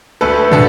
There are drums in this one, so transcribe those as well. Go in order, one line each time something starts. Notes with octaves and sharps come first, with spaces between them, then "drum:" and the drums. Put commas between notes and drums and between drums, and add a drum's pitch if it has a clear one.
D2 A4 B4
D3 A4 B4, drum: tom